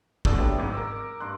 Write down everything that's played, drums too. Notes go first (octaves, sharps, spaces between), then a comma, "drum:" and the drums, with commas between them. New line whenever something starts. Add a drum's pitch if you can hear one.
F#1 B2 D3 D5 E6, drum: kick
F#3 A3 B3 D4 G4
G#1 G#2
A#4 D6 E6
G2 C6 F#6